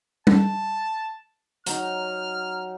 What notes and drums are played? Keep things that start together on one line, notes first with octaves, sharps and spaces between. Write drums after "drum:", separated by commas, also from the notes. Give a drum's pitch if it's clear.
A5, drum: tom G3
F#3 D#4 F6, drum: hi-hat